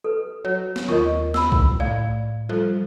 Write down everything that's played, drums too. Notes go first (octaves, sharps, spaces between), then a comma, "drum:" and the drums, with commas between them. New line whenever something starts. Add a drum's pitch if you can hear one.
A4 B4
F#3 C#5
drum: snare
D#2 C4 F4 A#4 D#5 C#6
B5 E6, drum: snare
drum: kick B1
A2 D5 F5
F3 G3 A4